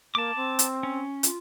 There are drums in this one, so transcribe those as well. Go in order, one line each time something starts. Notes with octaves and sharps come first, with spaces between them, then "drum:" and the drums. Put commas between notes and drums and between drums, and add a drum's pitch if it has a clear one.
A#3 A5 D6
C4
drum: hi-hat
C#4
F4, drum: hi-hat